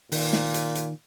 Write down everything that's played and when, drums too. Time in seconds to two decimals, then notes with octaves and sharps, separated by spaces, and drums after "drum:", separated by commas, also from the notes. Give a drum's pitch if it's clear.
0.12 A#2 D#3, drum: open hi-hat
0.33 drum: snare
0.54 drum: hi-hat
0.75 drum: hi-hat